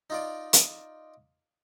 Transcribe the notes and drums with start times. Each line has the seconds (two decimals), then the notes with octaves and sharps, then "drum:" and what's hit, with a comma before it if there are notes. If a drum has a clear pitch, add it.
0.10 D#4 F4 D5
0.53 drum: hi-hat